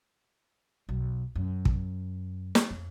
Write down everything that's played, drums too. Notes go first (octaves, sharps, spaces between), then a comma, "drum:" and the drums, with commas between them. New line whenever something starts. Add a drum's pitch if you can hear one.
B1
F#2
drum: kick
drum: snare
F2